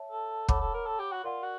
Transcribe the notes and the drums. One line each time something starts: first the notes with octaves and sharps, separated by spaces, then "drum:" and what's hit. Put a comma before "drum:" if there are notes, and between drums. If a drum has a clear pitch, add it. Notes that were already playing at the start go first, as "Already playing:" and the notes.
Already playing: C#5 E5 A5
A4
A4 C#5 F#5 B5 D6, drum: kick
A4
A#4
A4
G4
F#4
F4 A#4 D5 F#5
F#4